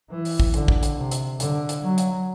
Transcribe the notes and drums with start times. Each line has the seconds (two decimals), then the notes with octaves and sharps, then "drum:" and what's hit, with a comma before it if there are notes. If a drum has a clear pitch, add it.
0.11 E3
0.25 drum: open hi-hat
0.40 drum: kick
0.54 D3, drum: hi-hat
0.68 drum: kick
0.83 drum: hi-hat
0.97 C3
1.11 drum: hi-hat
1.40 D3, drum: hi-hat
1.69 drum: hi-hat
1.83 F#3
1.98 drum: hi-hat